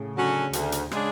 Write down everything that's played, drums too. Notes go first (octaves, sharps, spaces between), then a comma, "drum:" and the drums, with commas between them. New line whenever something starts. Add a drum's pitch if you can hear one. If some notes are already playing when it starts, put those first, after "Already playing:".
Already playing: A2 C#3
D3 F#3 C#4 F#4
D2, drum: hi-hat
drum: hi-hat
C#3 G#3 D4 G#4, drum: rim click